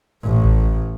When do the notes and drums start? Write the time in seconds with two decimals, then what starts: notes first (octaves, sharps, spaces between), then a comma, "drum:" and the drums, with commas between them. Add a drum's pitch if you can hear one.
0.23 A1 A2
0.44 drum: kick A1